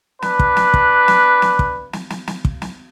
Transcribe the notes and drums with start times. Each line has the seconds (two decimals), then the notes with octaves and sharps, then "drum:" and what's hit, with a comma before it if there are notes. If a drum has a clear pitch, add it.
0.22 D4 B4, drum: snare
0.39 drum: kick
0.57 drum: snare
0.74 drum: kick
1.08 drum: snare
1.42 drum: snare
1.59 drum: kick
1.93 drum: snare
2.10 drum: snare
2.27 drum: snare
2.45 drum: kick
2.62 drum: snare